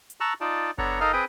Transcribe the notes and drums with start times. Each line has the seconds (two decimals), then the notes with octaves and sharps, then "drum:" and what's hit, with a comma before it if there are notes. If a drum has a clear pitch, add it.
0.10 drum: hi-hat
0.20 A5 A#5 C#6 E6 F#6
0.41 D#4 F4 D5 A5
0.78 B3 D4 A4 C#5 F#5 A#5, drum: kick F#1
1.00 D#4 A4 A#4 D#5 F5 F6
1.13 C4 G#4 B4 G5 D#6